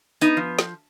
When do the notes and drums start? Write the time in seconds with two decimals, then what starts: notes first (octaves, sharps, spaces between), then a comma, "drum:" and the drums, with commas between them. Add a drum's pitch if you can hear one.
0.21 B3 D#4, drum: tambourine
0.37 F3
0.59 drum: snare